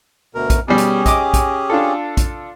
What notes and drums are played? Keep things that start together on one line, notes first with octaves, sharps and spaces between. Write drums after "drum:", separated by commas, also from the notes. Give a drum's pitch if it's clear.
D2 B2 A#4
drum: kick A#1, hi-hat
B2 G3 C#4 G4 G#4
drum: hi-hat
D#5 D6, drum: kick A#1, hi-hat
drum: kick A#1, hi-hat
D4 F4 A4
drum: kick A#1, hi-hat